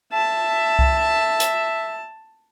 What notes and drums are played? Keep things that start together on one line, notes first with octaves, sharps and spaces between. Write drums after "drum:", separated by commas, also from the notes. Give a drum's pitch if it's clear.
E5 A5
drum: kick C2
drum: hi-hat